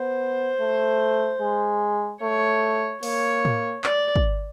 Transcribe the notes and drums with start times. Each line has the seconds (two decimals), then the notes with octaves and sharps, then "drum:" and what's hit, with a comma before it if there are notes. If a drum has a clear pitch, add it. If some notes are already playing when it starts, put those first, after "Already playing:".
Already playing: B3 C5
0.60 A3
1.41 G#3
2.22 A3 C#5
3.03 A#3 C#5, drum: open hi-hat
3.45 drum: tom A2
3.84 D5, drum: clap
4.16 drum: kick